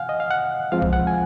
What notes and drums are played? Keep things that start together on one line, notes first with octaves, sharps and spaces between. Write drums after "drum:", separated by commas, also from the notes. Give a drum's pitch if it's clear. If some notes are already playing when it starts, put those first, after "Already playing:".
Already playing: F5 F#5 G#5
D#5
F5
F#5
F3 G#3 C4 F4 F5
drum: kick B1
F#5
G#5